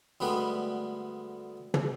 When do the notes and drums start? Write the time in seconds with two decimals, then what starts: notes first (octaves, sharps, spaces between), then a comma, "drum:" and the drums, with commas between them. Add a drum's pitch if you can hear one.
0.20 D2 G3 G#3 B3 B4
1.74 drum: tom